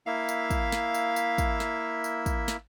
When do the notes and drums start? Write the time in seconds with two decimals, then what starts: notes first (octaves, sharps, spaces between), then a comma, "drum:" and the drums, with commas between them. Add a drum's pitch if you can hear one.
0.07 A#3 E4 E5 F5
0.29 drum: tambourine
0.51 drum: kick, tambourine
0.72 drum: snare
0.94 drum: tambourine
1.16 drum: tambourine
1.38 drum: kick, tambourine
1.60 drum: snare
2.04 drum: tambourine
2.26 drum: kick, tambourine
2.48 drum: snare